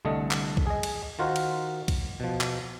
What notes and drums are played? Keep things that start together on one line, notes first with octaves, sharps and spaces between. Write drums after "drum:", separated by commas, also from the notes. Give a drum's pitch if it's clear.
C2 D3 A3 D#5
drum: clap
drum: kick
G#4 D#5
drum: cymbal
D#3 F4 F#4 A#4 C5
drum: cymbal
drum: kick, cymbal
B2 F3
drum: clap